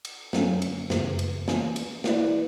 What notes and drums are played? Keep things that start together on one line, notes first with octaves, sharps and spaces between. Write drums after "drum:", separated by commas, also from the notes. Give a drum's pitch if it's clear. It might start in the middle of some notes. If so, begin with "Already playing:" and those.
drum: cymbal
F#2 D3 F#3 A#3 C#4, drum: snare
drum: cymbal
F#2 C#3 E3, drum: snare
drum: cymbal
E3 A#3 C#4, drum: snare
drum: cymbal
E3 A#3 E4 B4 D5, drum: snare